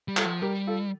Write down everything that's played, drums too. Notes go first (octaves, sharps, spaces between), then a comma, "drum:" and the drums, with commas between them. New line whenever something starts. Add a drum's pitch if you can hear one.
G3
F4 A4, drum: clap
F3
G3 G4 A#4
F4 A4